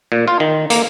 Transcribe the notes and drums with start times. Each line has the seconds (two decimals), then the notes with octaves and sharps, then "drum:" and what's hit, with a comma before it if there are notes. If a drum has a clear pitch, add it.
0.12 A#2
0.28 F4
0.40 D#3
0.70 A#3, drum: hi-hat